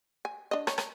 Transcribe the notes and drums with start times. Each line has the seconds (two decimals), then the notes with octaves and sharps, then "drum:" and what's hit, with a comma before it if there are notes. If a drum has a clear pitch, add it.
0.25 G#5
0.51 D4 D#5
0.67 C#5, drum: rim click
0.78 drum: rim click